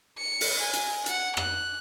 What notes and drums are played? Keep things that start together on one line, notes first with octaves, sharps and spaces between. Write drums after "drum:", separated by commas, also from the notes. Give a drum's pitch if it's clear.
C#7
drum: open hi-hat
G#5
drum: hi-hat
F#5, drum: hi-hat
F#6, drum: rim click